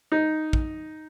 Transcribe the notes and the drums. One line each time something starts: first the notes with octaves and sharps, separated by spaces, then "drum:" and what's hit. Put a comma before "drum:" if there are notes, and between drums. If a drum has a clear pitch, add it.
D#4
drum: kick